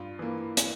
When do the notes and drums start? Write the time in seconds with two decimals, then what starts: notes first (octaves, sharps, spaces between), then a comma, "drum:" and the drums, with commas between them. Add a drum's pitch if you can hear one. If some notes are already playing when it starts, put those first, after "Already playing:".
Already playing: G2 F4
0.19 E3 A#3
0.57 drum: hi-hat